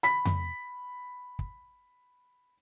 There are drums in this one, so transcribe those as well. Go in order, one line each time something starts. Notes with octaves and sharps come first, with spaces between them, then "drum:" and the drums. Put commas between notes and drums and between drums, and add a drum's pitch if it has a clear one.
B5 B6, drum: hi-hat
drum: tom F2
drum: kick